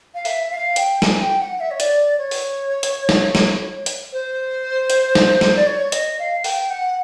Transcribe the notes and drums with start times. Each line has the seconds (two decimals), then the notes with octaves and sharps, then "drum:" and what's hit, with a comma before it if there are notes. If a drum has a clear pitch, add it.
0.15 F5
0.25 E5, drum: open hi-hat
0.51 F5
0.76 G5, drum: hi-hat
1.02 G#5, drum: snare
1.22 G5
1.41 F#5
1.60 E5
1.71 C#5
1.80 D5, drum: hi-hat
2.18 C#5
2.31 drum: open hi-hat
2.83 drum: hi-hat
3.09 drum: snare
3.35 drum: snare
3.86 drum: hi-hat
4.13 C5
4.90 drum: hi-hat
5.15 drum: snare
5.41 drum: snare
5.56 D5
5.67 C#5
5.92 D#5, drum: hi-hat
6.19 F5
6.44 G5, drum: open hi-hat
6.70 F#5